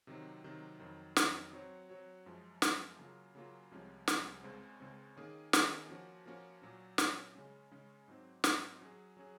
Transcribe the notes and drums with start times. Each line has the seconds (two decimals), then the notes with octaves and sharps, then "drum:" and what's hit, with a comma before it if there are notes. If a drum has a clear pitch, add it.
0.07 C3 D#3 F#3 C4
0.44 C3 D#3 F#3 C4
0.80 F2 D#3 F#3
1.16 F2 D#3 F#3, drum: snare
1.53 F#3 C4 F#4 C#5
1.89 F#3 C4 F#4 C#5
2.26 F#2 F3 G#3
2.62 F#2 F3 G#3, drum: snare
2.99 C#3 F#3 A#3 F4
3.35 C#3 F#3 A#3 F4
3.71 C2 C3 F3 G#3 C#4
4.07 C2 C3 F3 G#3 C#4, drum: snare
4.43 C#2 C#3 G#3 C4
4.80 C#2 C#3 G#3 C4
5.17 D#3 A#3 C#4 G#4
5.53 D#3 A#3 C#4 G#4, drum: snare
5.89 F3 A#3 C#4 F#4
6.26 F3 A#3 C#4 F#4
6.62 A#2 F#3 C#4
6.98 A#2 F#3 C#4, drum: snare
7.35 C#3 G#3 C#4
7.71 C#3 G#3 C#4
8.08 G#2 F#3 C4
8.44 G#2 F#3 C4, drum: snare
8.81 F#3 C#4 G#4
9.17 F#3 C#4 G#4